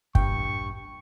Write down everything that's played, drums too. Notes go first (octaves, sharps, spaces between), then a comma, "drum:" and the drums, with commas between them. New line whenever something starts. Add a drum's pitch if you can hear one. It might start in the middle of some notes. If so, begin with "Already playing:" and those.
A1 E2 G2 A#2 G5 C#6, drum: kick